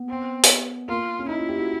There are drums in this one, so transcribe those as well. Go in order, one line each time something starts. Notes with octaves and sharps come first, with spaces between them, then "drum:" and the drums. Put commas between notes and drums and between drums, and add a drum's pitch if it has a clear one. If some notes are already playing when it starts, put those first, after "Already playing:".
Already playing: B3
C4
drum: open hi-hat
A#3 F4
C#4
D#4 E4
F4
G4
F#4